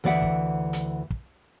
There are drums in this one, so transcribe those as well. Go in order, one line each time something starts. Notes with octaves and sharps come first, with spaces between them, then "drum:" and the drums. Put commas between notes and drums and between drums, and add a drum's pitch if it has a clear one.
D2 E3 D5 E5 F#5
drum: kick
drum: hi-hat
drum: kick